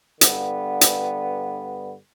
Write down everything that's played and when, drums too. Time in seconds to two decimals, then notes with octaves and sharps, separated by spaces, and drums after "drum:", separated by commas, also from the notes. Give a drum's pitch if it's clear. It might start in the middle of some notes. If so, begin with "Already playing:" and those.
0.21 G2 D3 B3, drum: hi-hat
0.81 drum: hi-hat